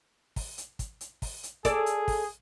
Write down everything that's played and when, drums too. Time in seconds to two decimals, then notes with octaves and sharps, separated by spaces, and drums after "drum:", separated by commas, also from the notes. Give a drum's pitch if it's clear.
0.36 drum: kick, open hi-hat
0.58 drum: hi-hat
0.79 drum: kick, hi-hat
1.01 drum: hi-hat
1.22 drum: kick, open hi-hat
1.43 drum: hi-hat
1.65 G#4 A4 D5, drum: kick, hi-hat
1.86 drum: hi-hat
2.08 drum: kick, open hi-hat